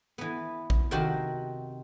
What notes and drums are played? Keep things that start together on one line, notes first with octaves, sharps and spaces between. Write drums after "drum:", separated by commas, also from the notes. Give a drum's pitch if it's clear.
E3 B3
drum: kick A#1
C3 D#3 C4 F#4 C5 A5